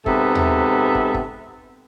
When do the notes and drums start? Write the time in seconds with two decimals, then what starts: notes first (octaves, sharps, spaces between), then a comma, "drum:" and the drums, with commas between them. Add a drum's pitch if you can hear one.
0.06 G#2 C3 B3 A4 E5, drum: kick
0.35 drum: tom D#2
0.95 drum: kick
1.14 drum: kick